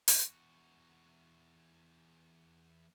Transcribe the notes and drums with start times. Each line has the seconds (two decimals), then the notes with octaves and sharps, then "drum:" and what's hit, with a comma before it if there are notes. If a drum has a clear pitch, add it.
0.08 drum: open hi-hat
0.19 E2 F#4